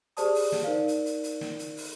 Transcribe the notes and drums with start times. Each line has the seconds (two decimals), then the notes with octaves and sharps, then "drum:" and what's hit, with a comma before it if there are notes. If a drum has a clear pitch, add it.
0.17 G4 G#4 C5 D5 A5 D#6, drum: hi-hat
0.34 drum: open hi-hat
0.52 drum: snare
0.64 D#4 A#4 C5 D5 F5
0.88 drum: hi-hat
1.06 drum: hi-hat
1.23 drum: hi-hat
1.41 drum: snare
1.59 drum: hi-hat
1.77 drum: open hi-hat